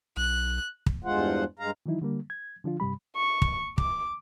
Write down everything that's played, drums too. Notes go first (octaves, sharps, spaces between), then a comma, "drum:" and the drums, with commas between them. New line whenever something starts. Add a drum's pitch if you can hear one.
B1 F#6
drum: kick
E2 G2 G#3 F4 C5 F#5
G2 G#3 F5 A#5
D#3 E3 F#3 D#4 E4
D3 G3 A#3
G#6
D3 F3 D4 F4
G2 C3 G3 B5
C#6
drum: kick
D6, drum: kick